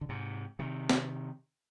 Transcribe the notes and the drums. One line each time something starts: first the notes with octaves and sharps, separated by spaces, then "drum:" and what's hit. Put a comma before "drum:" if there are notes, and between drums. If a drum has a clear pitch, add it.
D3
G#2 C3
C3 D#3
drum: snare